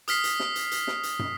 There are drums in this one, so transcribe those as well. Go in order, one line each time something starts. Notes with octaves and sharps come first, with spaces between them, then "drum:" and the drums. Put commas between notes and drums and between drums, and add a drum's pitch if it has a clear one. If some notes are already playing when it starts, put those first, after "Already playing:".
D#6 F6 B6 C7, drum: hi-hat
drum: hi-hat
drum: snare
drum: hi-hat
drum: hi-hat
drum: snare
drum: hi-hat
drum: tom